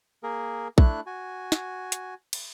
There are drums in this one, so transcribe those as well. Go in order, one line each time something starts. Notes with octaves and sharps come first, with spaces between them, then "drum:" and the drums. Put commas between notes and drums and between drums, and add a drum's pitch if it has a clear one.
A#3 G#4 A#4
A3 D4 E4 F#6, drum: kick A#1
F#4 G#5
drum: snare
drum: hi-hat
drum: cymbal